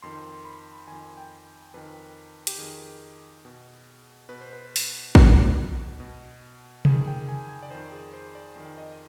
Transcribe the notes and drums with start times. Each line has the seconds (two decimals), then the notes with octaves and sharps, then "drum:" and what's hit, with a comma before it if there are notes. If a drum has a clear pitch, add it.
0.02 F2 D#3 C6
0.45 B5
0.88 F2 D#3 G#5
1.17 G5
1.74 F2 D#3 B4
2.47 G4, drum: hi-hat
2.58 F2 D#3 G#4
3.45 B2
4.29 B2 B4
4.41 C5
4.53 B4
4.76 drum: open hi-hat
5.15 B2, drum: kick
6.00 B2
6.85 F2 D#3 G#4, drum: tom C3
7.07 G5
7.29 G#5
7.49 G#5
7.62 D5
7.70 F2 D#3 C5
7.92 G#4
8.13 C5
8.35 D5
8.56 F2 D#3
8.78 D#5